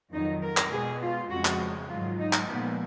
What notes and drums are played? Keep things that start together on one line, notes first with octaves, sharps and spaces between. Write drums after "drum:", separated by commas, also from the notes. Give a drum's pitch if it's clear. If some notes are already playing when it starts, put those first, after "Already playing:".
F2 D#3 F#3 D#4
A#4
drum: clap
B2 G#3 G#4
F4
F2 C#3 F3 G#3 F#4
drum: clap
G#2 D#3 F#3 F4
D#4
drum: clap
A#2 F3 G#3 B3